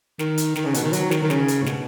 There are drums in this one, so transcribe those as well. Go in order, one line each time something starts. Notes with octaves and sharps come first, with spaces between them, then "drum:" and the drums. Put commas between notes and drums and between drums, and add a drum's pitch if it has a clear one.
D#3, drum: snare
drum: hi-hat
D#3, drum: snare
C#3
B2, drum: hi-hat
D#3
F#3, drum: hi-hat
D#3, drum: snare
D#3
C#3, drum: snare
drum: hi-hat
G#2
B2, drum: snare